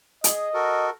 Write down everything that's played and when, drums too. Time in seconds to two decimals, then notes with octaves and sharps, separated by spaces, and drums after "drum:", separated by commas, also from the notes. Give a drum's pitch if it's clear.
0.24 G#4 D#5, drum: hi-hat
0.54 F#4 A4 A#4